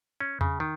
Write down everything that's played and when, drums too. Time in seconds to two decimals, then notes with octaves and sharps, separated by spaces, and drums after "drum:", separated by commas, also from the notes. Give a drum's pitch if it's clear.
0.20 C#4
0.41 C#3, drum: tom E2
0.60 D#3